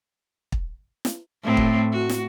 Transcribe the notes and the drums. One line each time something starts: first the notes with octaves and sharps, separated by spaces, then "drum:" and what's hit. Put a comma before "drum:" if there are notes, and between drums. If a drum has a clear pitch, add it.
drum: kick
drum: snare
A2 A3 C4
drum: kick
F#4
drum: snare